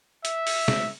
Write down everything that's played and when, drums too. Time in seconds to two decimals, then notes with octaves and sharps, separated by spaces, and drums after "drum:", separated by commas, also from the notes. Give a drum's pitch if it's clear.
0.25 E5, drum: hi-hat
0.47 drum: open hi-hat
0.68 drum: snare